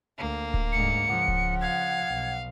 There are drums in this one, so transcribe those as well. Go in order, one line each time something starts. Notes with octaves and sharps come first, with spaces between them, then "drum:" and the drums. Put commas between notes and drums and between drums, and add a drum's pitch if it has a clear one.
D2 A#3
drum: kick D1
D2 G#2 C#7
C#3 F3 F#5
drum: kick D1
F5 G#6
B1